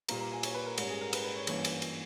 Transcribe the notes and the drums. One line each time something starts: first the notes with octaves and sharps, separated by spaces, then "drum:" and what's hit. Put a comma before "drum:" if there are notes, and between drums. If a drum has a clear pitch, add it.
A#2 G3 A#3 A#5, drum: cymbal
A#5
G#5
C#5, drum: cymbal
B4
A#4
G#2 G3 C#4 A#4, drum: cymbal
G#4
A#4
B4, drum: cymbal
B4
C#5
G2 E3 A#3 C#4, drum: cymbal
drum: cymbal
drum: cymbal